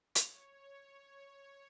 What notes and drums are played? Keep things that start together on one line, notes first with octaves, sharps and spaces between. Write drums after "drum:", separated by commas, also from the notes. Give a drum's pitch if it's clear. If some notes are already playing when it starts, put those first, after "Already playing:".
C#5, drum: hi-hat